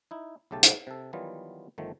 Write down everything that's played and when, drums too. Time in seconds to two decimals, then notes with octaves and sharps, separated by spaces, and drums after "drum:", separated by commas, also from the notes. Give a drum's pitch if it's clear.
0.11 D#4 E4
0.51 B1 C#3 A3 G4 A5
0.63 drum: hi-hat
0.87 C3 A4
1.13 D#3 E3 F#3 G3 B3 F4
1.78 G1 D#3 F3 A3